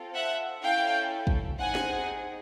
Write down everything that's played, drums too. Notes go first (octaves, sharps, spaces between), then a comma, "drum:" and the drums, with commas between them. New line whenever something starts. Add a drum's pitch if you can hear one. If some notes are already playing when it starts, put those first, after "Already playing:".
Already playing: C4 F4 A4
E5 F#5
C#4 E4 A4 F5 G5
drum: kick
C4 D#4 G#4 F#5 G#5
drum: snare